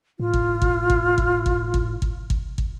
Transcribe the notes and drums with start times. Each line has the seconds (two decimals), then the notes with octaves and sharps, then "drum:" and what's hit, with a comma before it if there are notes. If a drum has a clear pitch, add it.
0.20 A2 F4
0.34 drum: kick
0.62 drum: kick
0.90 drum: kick
1.18 drum: kick
1.46 drum: kick
1.74 drum: kick
2.02 drum: kick
2.30 drum: kick
2.58 drum: kick